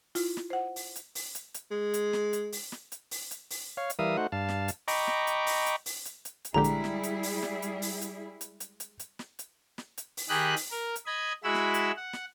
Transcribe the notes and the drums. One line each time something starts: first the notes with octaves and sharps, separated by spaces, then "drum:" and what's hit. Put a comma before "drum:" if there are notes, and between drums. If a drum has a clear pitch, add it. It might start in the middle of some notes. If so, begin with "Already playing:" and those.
E4 F4, drum: open hi-hat
drum: snare
C5 F#5
drum: open hi-hat
drum: hi-hat
drum: open hi-hat
drum: hi-hat
drum: hi-hat
G#3
drum: hi-hat
drum: snare
drum: hi-hat
drum: open hi-hat
drum: snare
drum: hi-hat
drum: open hi-hat
drum: hi-hat
drum: open hi-hat
C#5 F5
drum: hi-hat
E3 G3 A#4 E5 F5 D#6
A3 D#4 F#4 C5 F#5
G2 F5 A5
drum: snare
drum: hi-hat
D#5 G5 A#5 B5 C#6 D6, drum: open hi-hat
drum: snare
drum: hi-hat
drum: open hi-hat
drum: hi-hat
drum: open hi-hat
drum: hi-hat
drum: hi-hat
drum: hi-hat
A#1 D3 G3 G#3 E4 G4 G#4 A#5
drum: hi-hat
drum: snare
drum: hi-hat
drum: open hi-hat
drum: snare
drum: hi-hat
drum: open hi-hat
drum: hi-hat
drum: hi-hat
drum: hi-hat
drum: hi-hat
drum: hi-hat
drum: snare
drum: hi-hat
drum: snare
drum: hi-hat
drum: open hi-hat
D#3 G4 G#4 D#5 B5 F#6
drum: open hi-hat
A#4
drum: hi-hat
D#5 B5 G#6
G#3 E4 F#4 B5 E6
drum: snare
drum: hi-hat
F#5
drum: snare